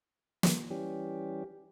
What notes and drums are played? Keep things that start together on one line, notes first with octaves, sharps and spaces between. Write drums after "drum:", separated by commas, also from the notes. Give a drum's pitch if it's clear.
drum: snare
E3 G3 C#4 G4